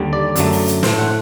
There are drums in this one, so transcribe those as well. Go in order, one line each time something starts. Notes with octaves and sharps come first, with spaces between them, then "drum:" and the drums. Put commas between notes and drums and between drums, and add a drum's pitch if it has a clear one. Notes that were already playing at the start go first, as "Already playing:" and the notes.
Already playing: D#2 D3 G3
D5
F#2 D3 F#3 A3, drum: hi-hat
drum: open hi-hat
drum: hi-hat
A2 A3 C5, drum: snare
F#5